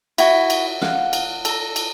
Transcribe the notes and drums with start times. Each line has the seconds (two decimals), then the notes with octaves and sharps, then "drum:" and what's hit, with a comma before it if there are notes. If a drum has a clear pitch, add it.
0.18 E4 F#4, drum: cymbal
0.50 drum: cymbal
0.81 F5 F#5, drum: snare
1.13 drum: cymbal
1.45 A4 A#5, drum: cymbal
1.76 drum: cymbal